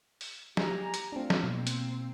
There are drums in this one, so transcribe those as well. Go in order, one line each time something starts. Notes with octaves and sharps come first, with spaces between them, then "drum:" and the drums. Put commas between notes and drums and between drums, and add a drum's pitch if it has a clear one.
drum: open hi-hat
G4 G#5 A#5, drum: snare
drum: hi-hat
A3 C4 D4 F4
drum: snare
B2 A#3 C4
drum: hi-hat